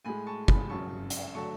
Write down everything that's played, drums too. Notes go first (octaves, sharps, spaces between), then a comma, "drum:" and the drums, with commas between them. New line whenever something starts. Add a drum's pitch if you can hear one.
A2 G#3 G#5 B5
A5 C#6
G#5 B5, drum: kick
F#2 C#3 F#3 A5 C#6
drum: hi-hat
D3 F#3 A3 A5 C#6